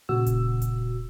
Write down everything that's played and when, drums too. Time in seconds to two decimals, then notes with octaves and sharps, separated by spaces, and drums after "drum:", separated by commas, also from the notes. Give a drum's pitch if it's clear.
0.09 A#2 C#3 F#4 E6
0.26 drum: kick D#1, hi-hat
0.62 drum: kick D#1, hi-hat